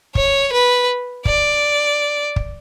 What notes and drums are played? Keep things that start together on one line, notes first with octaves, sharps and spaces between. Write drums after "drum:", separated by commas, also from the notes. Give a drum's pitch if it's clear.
C#5, drum: kick
B4
D5, drum: kick
drum: kick